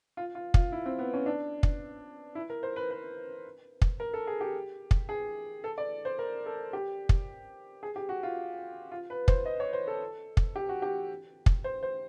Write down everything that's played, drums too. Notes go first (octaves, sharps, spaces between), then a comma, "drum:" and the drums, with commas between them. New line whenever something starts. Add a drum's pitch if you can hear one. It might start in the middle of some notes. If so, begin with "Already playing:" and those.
F4
F4
F4, drum: kick
E4
C4
B3
C#4
D4
drum: kick
E4
A#4
C5
B4
B4
drum: kick
A#4
A4
G#4
G4
drum: kick
G#4
A4
D5
C5
A#4
A4
G4
drum: kick
G#4
G4
F#4
F4
F4
B4
C5, drum: kick
D#5
C#5
C5
A4
drum: kick
G4
F#4
G4
drum: kick
C5
C5